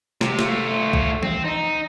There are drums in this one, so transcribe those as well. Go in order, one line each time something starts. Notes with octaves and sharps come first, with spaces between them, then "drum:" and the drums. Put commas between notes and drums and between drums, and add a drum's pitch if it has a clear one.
C3 G4, drum: snare
A3 F4, drum: snare
drum: kick
C4, drum: tom E3
D#4